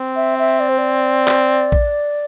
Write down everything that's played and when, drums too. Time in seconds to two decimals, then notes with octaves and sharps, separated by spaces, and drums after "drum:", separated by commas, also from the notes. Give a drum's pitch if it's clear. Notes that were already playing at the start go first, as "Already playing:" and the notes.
Already playing: C4
0.16 E5
0.39 E5
0.60 D5
0.69 C5
0.78 D5
1.28 drum: clap
1.72 drum: kick A#1